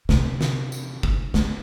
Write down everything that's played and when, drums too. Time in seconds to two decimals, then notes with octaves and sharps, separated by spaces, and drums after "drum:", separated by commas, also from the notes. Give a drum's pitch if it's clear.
0.09 C3, drum: snare
0.41 drum: snare
0.72 drum: tambourine
1.03 drum: kick F#1
1.34 C#3, drum: snare